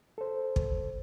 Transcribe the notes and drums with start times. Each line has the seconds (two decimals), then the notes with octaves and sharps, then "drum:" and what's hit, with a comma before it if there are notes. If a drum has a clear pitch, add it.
0.18 A4 C5
0.56 drum: kick